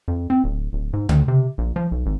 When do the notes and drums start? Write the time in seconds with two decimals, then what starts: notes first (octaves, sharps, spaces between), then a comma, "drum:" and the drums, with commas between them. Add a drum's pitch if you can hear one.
0.08 F2
0.30 C4
0.44 D1
0.73 D1
0.93 G#2
1.09 D2, drum: tom C#3
1.28 C3
1.58 A#1
1.76 F3
1.92 B1
2.06 G#1